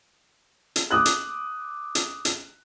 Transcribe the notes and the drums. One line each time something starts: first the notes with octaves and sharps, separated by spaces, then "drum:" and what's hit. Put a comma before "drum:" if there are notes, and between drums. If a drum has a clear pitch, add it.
drum: hi-hat
D6 D#6 F#6
drum: hi-hat
drum: hi-hat
drum: hi-hat